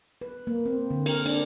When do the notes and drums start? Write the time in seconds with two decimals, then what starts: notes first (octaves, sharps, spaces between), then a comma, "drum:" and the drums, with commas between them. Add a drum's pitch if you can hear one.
0.21 B4
0.47 A#3
0.66 C4
0.91 D3
1.06 A#4, drum: cymbal
1.26 D4, drum: cymbal